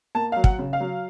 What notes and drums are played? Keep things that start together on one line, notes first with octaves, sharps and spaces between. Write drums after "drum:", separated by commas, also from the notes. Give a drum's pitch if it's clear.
A#3 A5
F#3 F5
F#5, drum: kick
C#3
F5
F#3